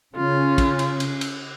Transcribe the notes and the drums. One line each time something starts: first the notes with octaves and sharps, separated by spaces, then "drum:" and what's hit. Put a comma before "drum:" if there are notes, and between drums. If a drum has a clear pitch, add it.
C#3 C#4 F4
drum: kick, cymbal
drum: cymbal
drum: cymbal
drum: cymbal